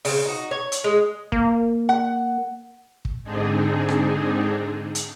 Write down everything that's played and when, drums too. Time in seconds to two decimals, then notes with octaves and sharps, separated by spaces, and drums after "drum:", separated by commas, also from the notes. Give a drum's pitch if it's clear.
0.05 C#3 C4, drum: open hi-hat
0.25 D#4 F#4
0.51 C#5
0.72 drum: hi-hat
0.84 G#3
1.32 A#3, drum: kick
1.89 F#5
3.05 drum: kick
3.24 G#2 D3 C4 D4 D#4 G#4
3.88 drum: rim click
4.95 drum: hi-hat